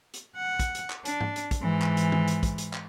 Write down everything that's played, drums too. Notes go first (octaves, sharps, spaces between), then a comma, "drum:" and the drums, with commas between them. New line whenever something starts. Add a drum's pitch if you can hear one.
drum: hi-hat
F#5
drum: kick, hi-hat
drum: hi-hat
drum: clap
D4, drum: hi-hat
drum: tom G#2
drum: hi-hat
drum: kick, hi-hat
G#2 E3
drum: clap
drum: hi-hat
drum: tom D#3
drum: hi-hat
drum: kick, hi-hat
drum: hi-hat
drum: clap